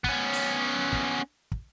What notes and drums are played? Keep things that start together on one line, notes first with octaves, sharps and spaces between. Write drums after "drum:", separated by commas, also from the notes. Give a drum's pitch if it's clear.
B3 C#4, drum: kick
drum: open hi-hat
drum: kick
drum: kick